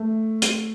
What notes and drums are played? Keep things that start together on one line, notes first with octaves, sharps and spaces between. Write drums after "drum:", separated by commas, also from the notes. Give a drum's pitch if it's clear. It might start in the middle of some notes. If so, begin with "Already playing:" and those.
Already playing: A3
drum: hi-hat